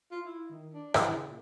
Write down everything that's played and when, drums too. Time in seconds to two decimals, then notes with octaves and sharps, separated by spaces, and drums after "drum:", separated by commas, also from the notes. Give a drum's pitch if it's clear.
0.11 F4
0.25 E4
0.49 D#3
0.73 D4
0.94 E4, drum: rim click
1.12 C#3
1.26 A#2